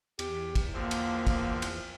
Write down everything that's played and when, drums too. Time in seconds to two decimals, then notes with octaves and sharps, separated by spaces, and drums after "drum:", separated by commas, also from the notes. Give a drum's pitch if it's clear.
0.19 E2 G4, drum: cymbal
0.55 drum: kick, cymbal
0.73 D3 F3 A#3 C4
0.91 drum: cymbal
1.27 drum: kick, cymbal
1.62 drum: cymbal